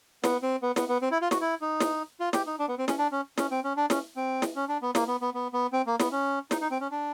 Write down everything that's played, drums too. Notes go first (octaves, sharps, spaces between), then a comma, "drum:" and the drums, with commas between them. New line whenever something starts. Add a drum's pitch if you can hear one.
B3, drum: snare
C4
B3
B3, drum: snare
B3
C4
E4
F4
F#4, drum: snare
E4
D#4
drum: snare
F4
G4, drum: snare
D#4
D4
B3
C4
C#4, drum: snare
D4
C#4
C#4, drum: snare
C4
C#4
D4
C#4, drum: snare
C4
drum: snare
C#4
D4
B3
A#3, drum: snare
B3
B3
B3
B3
C4
A#3
B3, drum: snare
C#4
D#4, drum: snare
D#4
C4
C#4
D4